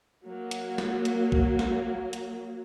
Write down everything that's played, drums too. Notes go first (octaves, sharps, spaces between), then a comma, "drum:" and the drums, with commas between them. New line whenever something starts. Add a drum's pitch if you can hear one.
F#3 A#3
drum: hi-hat
drum: snare
drum: hi-hat
drum: kick A#1
drum: snare
drum: hi-hat